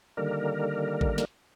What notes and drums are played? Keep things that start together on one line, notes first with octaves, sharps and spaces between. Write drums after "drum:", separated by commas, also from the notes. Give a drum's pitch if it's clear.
D3 D#3 G3 A#3 A#4
drum: kick A1
drum: snare